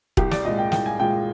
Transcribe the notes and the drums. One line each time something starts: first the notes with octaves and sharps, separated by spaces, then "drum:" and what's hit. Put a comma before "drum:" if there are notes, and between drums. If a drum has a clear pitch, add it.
C2 G4, drum: kick E1
D5, drum: snare
A#2 G#3 D#5
G5
C2 G5, drum: snare
G#5
A#2 G#3 G5